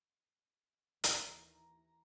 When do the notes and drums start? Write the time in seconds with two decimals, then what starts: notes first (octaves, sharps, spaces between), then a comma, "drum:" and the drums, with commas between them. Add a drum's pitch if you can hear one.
1.04 D#2 E3 A#5, drum: hi-hat